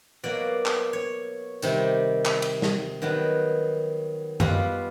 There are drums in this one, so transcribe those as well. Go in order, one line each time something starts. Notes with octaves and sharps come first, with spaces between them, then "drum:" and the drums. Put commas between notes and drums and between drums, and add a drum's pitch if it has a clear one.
B2 F#3 A#3 D5
drum: clap
C#5
C3 D#3 G3, drum: tambourine
drum: clap
drum: cymbal
drum: snare
D#3 F#3 B3
B2 G3 B3 F4, drum: tom F#2